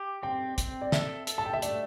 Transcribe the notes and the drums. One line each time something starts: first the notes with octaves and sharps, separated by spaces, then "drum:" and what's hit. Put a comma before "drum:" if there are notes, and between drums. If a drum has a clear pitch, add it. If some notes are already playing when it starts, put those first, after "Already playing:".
Already playing: G4
C4 G5
C4, drum: kick, hi-hat
D5
A4 E5, drum: snare
A4, drum: hi-hat
A5
G5
E5
A3 D5, drum: hi-hat